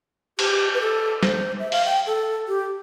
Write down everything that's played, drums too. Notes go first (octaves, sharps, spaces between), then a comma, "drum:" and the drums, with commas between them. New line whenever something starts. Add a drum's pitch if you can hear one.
G4, drum: cymbal
B4
A4
C5, drum: snare
E5
F5, drum: open hi-hat
G5
A4
G4